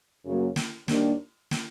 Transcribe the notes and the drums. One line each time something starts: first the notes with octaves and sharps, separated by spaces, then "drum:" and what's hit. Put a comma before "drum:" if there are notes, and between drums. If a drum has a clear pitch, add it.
F#2 C#3 F#3 A#3
drum: snare
D#2 D#3 G3 A#3 D4, drum: snare
drum: snare